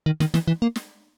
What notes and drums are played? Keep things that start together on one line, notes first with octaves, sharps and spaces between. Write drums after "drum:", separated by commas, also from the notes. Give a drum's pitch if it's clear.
D#3
D#3, drum: snare
E3, drum: snare
E3
A#3
drum: snare